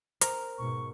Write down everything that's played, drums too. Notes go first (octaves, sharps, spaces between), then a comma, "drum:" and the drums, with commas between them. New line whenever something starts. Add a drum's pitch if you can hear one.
A#4 C5, drum: hi-hat
G#2 B2 C#6